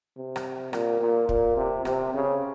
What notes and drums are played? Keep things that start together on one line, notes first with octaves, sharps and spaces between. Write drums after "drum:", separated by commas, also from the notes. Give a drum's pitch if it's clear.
C3
drum: rim click
A#2, drum: rim click
A#2
A#2, drum: kick
C3
C3, drum: rim click
C#3